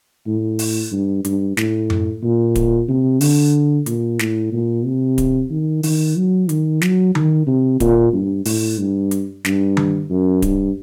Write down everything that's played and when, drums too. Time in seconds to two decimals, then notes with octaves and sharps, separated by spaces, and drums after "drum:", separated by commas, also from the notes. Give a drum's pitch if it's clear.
0.27 A2
0.59 drum: open hi-hat
0.91 G2
1.25 G2, drum: hi-hat
1.57 A2, drum: snare
1.90 drum: tom F#2
2.23 A#2
2.55 drum: kick D1, hi-hat
2.88 C3
3.21 D3, drum: open hi-hat
3.86 A#2, drum: hi-hat
4.19 A2, drum: snare
4.52 A#2
4.85 C3
5.18 drum: kick D1, hi-hat
5.50 D#3
5.83 D#3, drum: open hi-hat
6.16 F#3
6.49 D#3, drum: hi-hat
6.81 F#3, drum: snare
7.15 D#3, drum: tom D#3
7.47 C3
7.80 A#2, drum: kick D1, hi-hat
8.13 G2
8.45 A2, drum: open hi-hat
8.78 G2
9.11 drum: hi-hat
9.45 G2, drum: snare
9.77 drum: tom D#3
10.10 F#2
10.42 G2, drum: kick D1, hi-hat